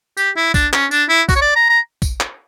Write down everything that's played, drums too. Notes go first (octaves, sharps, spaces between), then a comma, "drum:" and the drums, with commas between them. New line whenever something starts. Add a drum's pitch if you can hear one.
G4, drum: tambourine
E4
D4, drum: kick, tambourine
C#4, drum: clap
D4, drum: tambourine
E4
F#4, drum: kick, tambourine
C#5
D5
A#5
A#5
drum: kick, tambourine
drum: clap